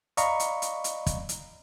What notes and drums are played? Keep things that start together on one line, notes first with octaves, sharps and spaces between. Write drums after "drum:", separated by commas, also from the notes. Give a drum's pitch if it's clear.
D5 D#5 F5 A#5 B5 C#6, drum: hi-hat
drum: hi-hat
drum: hi-hat
drum: hi-hat
drum: kick, hi-hat
drum: hi-hat